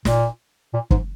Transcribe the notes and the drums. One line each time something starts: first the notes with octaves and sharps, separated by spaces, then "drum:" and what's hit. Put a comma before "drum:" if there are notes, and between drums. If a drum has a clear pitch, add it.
A#2, drum: snare
A#2
G#2, drum: kick